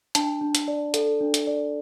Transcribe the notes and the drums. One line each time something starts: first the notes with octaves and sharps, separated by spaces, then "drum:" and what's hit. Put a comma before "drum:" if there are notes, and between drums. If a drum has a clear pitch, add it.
D4 A5, drum: hi-hat
D4
drum: hi-hat
D5
A4, drum: hi-hat
D4
drum: hi-hat
D5